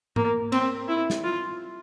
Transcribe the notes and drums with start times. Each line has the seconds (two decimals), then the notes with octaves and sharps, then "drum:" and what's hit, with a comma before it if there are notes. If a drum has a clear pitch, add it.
0.16 A#3, drum: tom G#2
0.52 C4, drum: cymbal
0.88 E4
1.10 drum: snare
1.24 F4